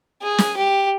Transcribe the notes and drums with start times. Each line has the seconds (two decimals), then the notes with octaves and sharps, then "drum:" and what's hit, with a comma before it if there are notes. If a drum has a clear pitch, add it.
0.23 G#4
0.38 drum: snare
0.57 G4